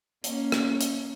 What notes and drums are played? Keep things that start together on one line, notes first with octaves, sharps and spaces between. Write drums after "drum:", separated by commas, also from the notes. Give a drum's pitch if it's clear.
A#3 C#4, drum: hi-hat
drum: rim click
drum: hi-hat